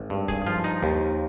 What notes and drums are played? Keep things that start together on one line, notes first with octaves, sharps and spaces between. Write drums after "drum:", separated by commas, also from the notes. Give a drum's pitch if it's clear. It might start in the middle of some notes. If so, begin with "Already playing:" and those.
Already playing: G#1
G2
G#4, drum: kick, hi-hat
F3 F4
D#4, drum: hi-hat
D#2